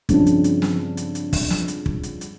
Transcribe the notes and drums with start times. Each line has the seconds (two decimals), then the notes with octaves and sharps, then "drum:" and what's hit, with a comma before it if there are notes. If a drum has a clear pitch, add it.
0.09 G2 C#3 F3 C4 D4, drum: kick, hi-hat
0.26 drum: hi-hat
0.44 drum: hi-hat
0.62 drum: snare
0.97 drum: hi-hat
1.15 drum: hi-hat
1.33 drum: kick, open hi-hat
1.50 drum: snare
1.68 drum: hi-hat
1.86 drum: kick
2.03 drum: hi-hat
2.21 drum: hi-hat